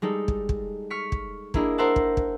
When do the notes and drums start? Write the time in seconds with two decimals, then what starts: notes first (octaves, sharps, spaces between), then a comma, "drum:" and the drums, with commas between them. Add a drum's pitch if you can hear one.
0.02 G3 G#3 D#4 A4
0.28 drum: kick
0.49 drum: kick
0.90 C#6 F6 B6 C#7
1.12 drum: kick
1.54 A#3 D4 E4 G#4 A#4 D#5, drum: kick
1.78 A#4 C5 E5 F#5 A5
1.96 drum: kick
2.17 drum: kick